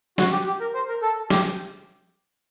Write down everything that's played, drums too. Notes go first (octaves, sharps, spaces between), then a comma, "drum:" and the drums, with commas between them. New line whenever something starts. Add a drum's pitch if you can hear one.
F#4, drum: snare
G4
G4
A#4
C5
A#4
A4
G4, drum: snare